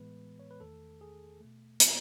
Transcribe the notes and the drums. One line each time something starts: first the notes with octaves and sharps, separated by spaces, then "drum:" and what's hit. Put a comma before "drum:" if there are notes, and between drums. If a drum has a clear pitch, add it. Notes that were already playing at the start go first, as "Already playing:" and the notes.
Already playing: A2 E3 G#3 B3 B4
C#5
B4
E2 D#3 A3 A4
G#4
B2 A3
E4, drum: hi-hat